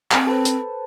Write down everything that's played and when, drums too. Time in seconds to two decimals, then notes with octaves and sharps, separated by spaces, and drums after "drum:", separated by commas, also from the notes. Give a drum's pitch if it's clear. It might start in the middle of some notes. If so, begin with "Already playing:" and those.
0.11 C4, drum: clap
0.27 A4 B4 C5
0.45 drum: hi-hat